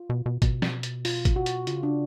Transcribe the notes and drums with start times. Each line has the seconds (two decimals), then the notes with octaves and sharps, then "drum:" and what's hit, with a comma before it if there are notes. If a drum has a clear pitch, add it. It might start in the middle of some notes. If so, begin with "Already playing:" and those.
Already playing: F4
0.10 B2
0.26 B2
0.42 B2, drum: kick, hi-hat
0.62 drum: snare
0.83 drum: hi-hat
1.05 F4, drum: open hi-hat
1.25 drum: kick, hi-hat
1.36 F#4
1.46 drum: hi-hat
1.67 C#3 F4, drum: hi-hat
1.83 D4